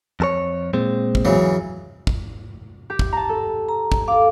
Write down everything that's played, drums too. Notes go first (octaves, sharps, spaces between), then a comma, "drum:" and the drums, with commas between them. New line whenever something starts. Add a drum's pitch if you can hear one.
F2 A4 C#5
A#2 G#3 C4
drum: kick
C#3 E3 F#3
drum: kick
G4
drum: kick
A5 A#5
A4
A#5
drum: kick
A4 F5 D6